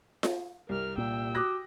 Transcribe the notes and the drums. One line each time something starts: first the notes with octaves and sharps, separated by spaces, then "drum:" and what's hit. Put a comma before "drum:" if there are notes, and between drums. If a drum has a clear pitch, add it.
drum: snare F4
C2 A#4 F6
A#2 G5 E6
F#4 D6 D#6 F#6 A#6